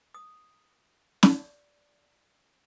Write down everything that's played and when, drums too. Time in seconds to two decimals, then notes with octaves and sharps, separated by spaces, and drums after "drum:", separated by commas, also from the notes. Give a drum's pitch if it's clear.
0.14 D#6
1.23 D5, drum: snare